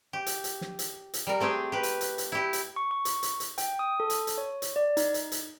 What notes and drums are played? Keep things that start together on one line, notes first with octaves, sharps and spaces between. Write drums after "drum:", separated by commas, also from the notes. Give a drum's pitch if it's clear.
G4
drum: hi-hat
drum: hi-hat
drum: snare
drum: hi-hat
drum: hi-hat
G3 A#4
A3 C4 G4 G#4
G4 B4
drum: hi-hat
drum: hi-hat
drum: hi-hat
E4 G4
drum: hi-hat
C#6
C#6
drum: hi-hat
drum: hi-hat
drum: hi-hat
G5, drum: hi-hat
D#6
A4
drum: hi-hat
drum: hi-hat
C#5
drum: hi-hat
D5
D#4, drum: hi-hat
drum: hi-hat
drum: hi-hat